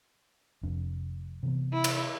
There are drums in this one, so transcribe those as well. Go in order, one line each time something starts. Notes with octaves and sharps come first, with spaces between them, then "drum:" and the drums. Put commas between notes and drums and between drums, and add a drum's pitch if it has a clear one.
F1 F2 D4
C3 E3 B3
E4
drum: cymbal